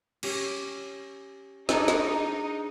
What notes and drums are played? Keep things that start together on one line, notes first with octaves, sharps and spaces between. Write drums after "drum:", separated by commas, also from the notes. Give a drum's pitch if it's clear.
C#4 G4, drum: cymbal
D4 D#4 G#4, drum: snare
drum: snare